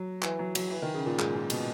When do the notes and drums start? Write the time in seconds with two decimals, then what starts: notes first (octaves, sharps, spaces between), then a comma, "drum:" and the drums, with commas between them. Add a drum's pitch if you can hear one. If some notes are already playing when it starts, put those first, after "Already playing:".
Already playing: F#3
0.22 E3, drum: clap
0.39 F#3
0.55 F#3, drum: cymbal
0.71 E3
0.82 D#3
0.94 C#3
1.06 A#2
1.19 G#2, drum: clap
1.35 A#2
1.50 B2, drum: cymbal